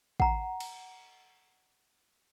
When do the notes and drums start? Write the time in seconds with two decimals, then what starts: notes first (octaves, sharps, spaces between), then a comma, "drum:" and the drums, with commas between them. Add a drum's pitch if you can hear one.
0.20 F#5 A#5, drum: kick
0.60 drum: cymbal